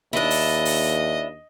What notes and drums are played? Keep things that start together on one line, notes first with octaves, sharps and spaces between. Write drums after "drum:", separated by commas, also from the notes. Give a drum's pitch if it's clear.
D#2 D4 E4 D#5
drum: open hi-hat
drum: open hi-hat